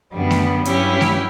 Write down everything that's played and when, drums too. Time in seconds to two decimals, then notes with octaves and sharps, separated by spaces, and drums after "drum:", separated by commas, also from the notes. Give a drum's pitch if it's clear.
0.13 F#2 D3 G3 B3
0.31 drum: snare A3
0.65 G2 F#3 C#4 E4 G4, drum: hi-hat
1.01 drum: snare A3